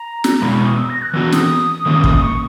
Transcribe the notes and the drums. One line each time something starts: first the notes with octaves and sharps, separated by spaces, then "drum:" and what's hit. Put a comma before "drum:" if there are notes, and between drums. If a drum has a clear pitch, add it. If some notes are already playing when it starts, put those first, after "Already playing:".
Already playing: A#5
drum: snare
B2 G#3 B3 B5
C#6
D#6
E6
A#6
F#6
E3 B3 F#4 E6
D#6, drum: snare
D#3 A#3 C#4
drum: kick
C#6